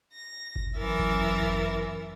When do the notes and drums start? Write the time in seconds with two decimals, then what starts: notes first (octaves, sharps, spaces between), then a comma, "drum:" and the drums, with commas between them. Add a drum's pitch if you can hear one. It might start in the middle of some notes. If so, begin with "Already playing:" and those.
0.12 A#6
0.56 drum: kick G1
0.77 F#2 E3 A#4 E5 A6
0.99 drum: kick G1
1.43 drum: kick G1